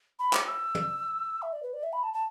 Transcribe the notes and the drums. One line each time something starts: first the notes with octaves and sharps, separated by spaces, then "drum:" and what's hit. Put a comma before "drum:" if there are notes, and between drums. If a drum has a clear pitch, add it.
B5
D6, drum: clap
E6
drum: tom
E5
D5
B4
D5
E5
B5
A5
A5